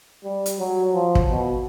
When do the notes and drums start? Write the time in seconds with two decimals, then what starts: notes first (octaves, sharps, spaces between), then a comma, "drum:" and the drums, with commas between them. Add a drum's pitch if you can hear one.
0.24 G3
0.46 drum: hi-hat
0.59 F#3
0.94 F3
1.15 drum: kick
1.31 B2